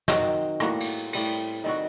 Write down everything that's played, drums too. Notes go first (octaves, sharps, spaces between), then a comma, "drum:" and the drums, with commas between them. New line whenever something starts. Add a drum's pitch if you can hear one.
D#3 F#3 C4 F#4, drum: snare
A2 G3 A#3 F#4, drum: rim click
drum: cymbal
A2 G3 C4, drum: cymbal
D#3 G3 C4 F#4